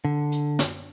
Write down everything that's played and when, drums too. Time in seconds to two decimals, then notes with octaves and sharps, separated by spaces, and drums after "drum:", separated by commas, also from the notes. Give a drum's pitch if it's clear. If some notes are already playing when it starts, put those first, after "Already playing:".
0.05 D3
0.32 drum: hi-hat
0.59 drum: snare